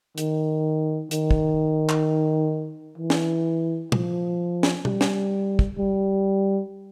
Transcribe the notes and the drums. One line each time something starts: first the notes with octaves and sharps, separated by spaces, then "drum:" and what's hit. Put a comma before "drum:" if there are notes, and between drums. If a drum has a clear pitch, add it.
D#3, drum: hi-hat
D#3, drum: hi-hat
drum: kick
drum: clap
E3
drum: snare
F3, drum: tom
drum: snare
G3, drum: tom B2
drum: snare
drum: kick
G3